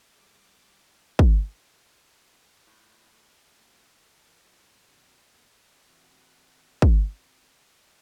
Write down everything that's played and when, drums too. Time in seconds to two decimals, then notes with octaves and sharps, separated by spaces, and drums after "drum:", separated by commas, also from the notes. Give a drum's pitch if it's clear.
0.13 C2 A#2 C#3 D6
1.19 drum: kick
2.67 A2
3.48 A3 C#4 F#4 F5
4.06 F3 A4 A#4
4.41 F#3 E4 A4 C5 D#5
4.71 G2 A#2 F#3 C4 A4
4.89 B2 D#3 F#3 C#4 F#4
5.33 E2 A#3 D4 A4
5.89 E3 A3 C4 F#4 G4 F#5
6.82 drum: kick